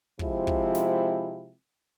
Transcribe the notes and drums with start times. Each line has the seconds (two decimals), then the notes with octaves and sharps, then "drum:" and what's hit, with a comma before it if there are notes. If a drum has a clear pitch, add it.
0.19 C3 F3 G#3 C4 E4, drum: kick
0.47 drum: kick
0.75 drum: snare